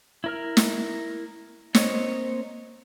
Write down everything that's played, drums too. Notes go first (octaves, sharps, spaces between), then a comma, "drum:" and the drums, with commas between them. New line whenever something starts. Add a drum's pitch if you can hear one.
E4 A#4 F6
drum: snare
A#3 C4 C#5 D#5, drum: snare